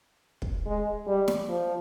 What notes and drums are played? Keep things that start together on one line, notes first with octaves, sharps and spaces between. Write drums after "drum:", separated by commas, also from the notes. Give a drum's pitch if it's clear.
drum: kick
G#3
G3
drum: snare
F3